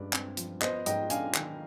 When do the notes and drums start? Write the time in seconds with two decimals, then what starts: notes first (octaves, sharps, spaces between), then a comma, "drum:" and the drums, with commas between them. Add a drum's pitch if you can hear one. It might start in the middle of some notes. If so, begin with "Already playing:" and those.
Already playing: G2 G#3 B4 D5
0.13 C4, drum: clap
0.37 F3, drum: hi-hat
0.61 B3 C5 D#5, drum: clap
0.86 G#2 D#5 G5, drum: hi-hat
1.10 D4 F5 G#5, drum: hi-hat
1.34 D#3, drum: clap